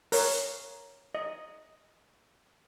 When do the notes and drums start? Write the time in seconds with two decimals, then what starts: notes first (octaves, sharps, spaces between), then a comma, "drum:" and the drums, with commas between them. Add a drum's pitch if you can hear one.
0.12 A#4 C#5, drum: open hi-hat
1.15 D#5